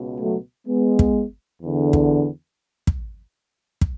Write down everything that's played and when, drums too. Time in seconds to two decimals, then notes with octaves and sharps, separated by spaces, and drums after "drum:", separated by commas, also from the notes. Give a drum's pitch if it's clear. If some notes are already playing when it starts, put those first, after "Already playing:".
Already playing: C#2 B2
0.20 F#3 A3
0.67 G#3 B3
0.99 drum: kick
1.62 E2 D3
1.93 drum: kick
2.87 drum: kick
3.81 drum: kick